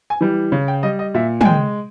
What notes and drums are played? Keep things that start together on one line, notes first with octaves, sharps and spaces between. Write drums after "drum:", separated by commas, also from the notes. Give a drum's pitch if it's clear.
G#5
E3 G3
C#3
G5
G3 D#5
D#5
A#2 E5
G#5, drum: tom
G#3 G5